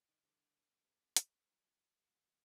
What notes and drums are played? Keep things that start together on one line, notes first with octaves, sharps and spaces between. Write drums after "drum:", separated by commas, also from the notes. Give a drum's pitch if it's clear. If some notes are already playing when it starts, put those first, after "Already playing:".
Already playing: E4 G4 D5
D#3
D3 G3 B3 E4 G#4 C5
G3 C4 D#4 G4 C5
drum: hi-hat
F#3 A#3 D#4 F#4
D#3 G3 A#3 C#4 F#4